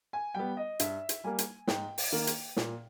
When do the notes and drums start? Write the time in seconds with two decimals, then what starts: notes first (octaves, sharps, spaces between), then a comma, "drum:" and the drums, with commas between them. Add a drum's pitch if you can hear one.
0.13 G#5
0.34 G3 B3 G5
0.57 D#5
0.80 G2 E5, drum: hi-hat
1.09 drum: hi-hat
1.24 G3 A#3 G#5
1.39 drum: hi-hat
1.67 G#2 G5, drum: snare
1.98 drum: open hi-hat
2.12 D#3 A#3
2.27 drum: hi-hat
2.57 A#2, drum: snare